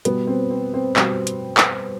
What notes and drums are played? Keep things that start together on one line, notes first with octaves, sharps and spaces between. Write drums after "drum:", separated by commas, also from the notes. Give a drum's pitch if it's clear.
B2 G3 B3, drum: hi-hat
C4
C4
C4
B2 G3, drum: clap
drum: hi-hat
drum: clap